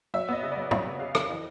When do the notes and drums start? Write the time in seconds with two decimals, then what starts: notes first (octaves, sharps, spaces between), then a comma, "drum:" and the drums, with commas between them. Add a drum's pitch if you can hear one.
0.14 F#3 E5
0.29 B3 D#5
0.43 C#3
0.52 F#3 D5
0.71 F#3 E5, drum: tom
0.86 C#3
1.00 C#3 F5
1.15 F2, drum: rim click
1.29 E3 D#5